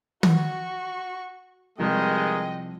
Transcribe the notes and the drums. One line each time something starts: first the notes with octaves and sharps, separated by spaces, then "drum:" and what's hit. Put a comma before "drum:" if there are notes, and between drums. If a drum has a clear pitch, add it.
F#4 C#6, drum: tom
C2 G2 D#3 F3 G3 G#3 D#5 G5